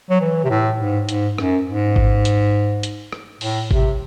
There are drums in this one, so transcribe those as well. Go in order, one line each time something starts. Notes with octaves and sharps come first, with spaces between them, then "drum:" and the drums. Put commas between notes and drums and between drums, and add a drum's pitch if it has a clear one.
F#3
E3
C3
A2
G#2
G#2, drum: hi-hat
F#2, drum: rim click
G#2
drum: kick G#1
drum: hi-hat
drum: hi-hat
drum: rim click
A2, drum: open hi-hat
C3, drum: kick G#1